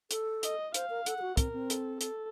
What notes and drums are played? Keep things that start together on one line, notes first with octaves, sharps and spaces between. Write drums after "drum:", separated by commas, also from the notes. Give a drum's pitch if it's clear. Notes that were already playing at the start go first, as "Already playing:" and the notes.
A4, drum: hi-hat
D#5, drum: hi-hat
C5 F5, drum: hi-hat
A#4
A4 F#5, drum: hi-hat
A4
F#4
C4 A#4, drum: kick, hi-hat
C4
A4, drum: hi-hat
A4, drum: hi-hat